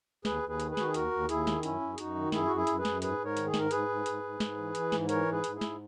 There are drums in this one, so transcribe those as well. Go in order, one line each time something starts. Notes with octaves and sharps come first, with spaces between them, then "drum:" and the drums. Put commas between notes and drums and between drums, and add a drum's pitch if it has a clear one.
D#2 G#4 B4, drum: snare
D#2
G#4 B4
D#3, drum: hi-hat
G#4 B4
D#3 F#4, drum: snare
G#4
D#2 F#4 A#4, drum: hi-hat
D#2
D#2 E4 G#4, drum: hi-hat
D#3, drum: snare
F#2 C#4 E4, drum: hi-hat
F#2
G#4
F#2 D#4 F#4, drum: hi-hat
D#3
F#2 E4 G#4, drum: snare
F#2 F#4
E4 G#4
F#2, drum: hi-hat
G#4 B4
F#2, drum: snare
G#2 G#4 B4, drum: hi-hat
G#2
A#4 C#5
D#3, drum: hi-hat
G#4
G#2 A#4, drum: snare
G#2 G#4 B4, drum: hi-hat
G#2
G#2, drum: hi-hat
G#2
G#2, drum: snare
E3
E3, drum: hi-hat
G#2, drum: snare
E3 A#4 C#5, drum: hi-hat
G#2
G#4 B4
G#2, drum: hi-hat
E4 G#4
G#2, drum: snare